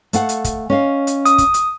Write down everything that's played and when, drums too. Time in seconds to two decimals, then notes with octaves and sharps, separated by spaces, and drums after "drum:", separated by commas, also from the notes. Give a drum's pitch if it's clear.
0.13 A3 F5 F#5, drum: hi-hat
0.29 drum: hi-hat
0.44 drum: kick, hi-hat
0.70 C#4 D#5 F5
1.07 drum: hi-hat
1.25 D#6, drum: hi-hat
1.38 drum: kick, hi-hat
1.54 drum: hi-hat